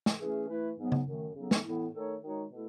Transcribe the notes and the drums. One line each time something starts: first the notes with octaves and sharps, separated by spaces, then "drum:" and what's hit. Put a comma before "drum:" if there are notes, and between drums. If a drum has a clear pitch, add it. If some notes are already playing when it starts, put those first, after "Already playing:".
drum: snare
E3 A3 C#4 G#4
E3 A3 E4 B4
G#2 F#3 B3
drum: tom C#3
F#2 D#3 A3
C#3 F#3 B3 D#4 A4
drum: snare
A2 E3 B3 E4
D#3 A3 D#4 A4 C#5
D#3 G#3 D#4 F#4 C#5
B2 A3 E4 A4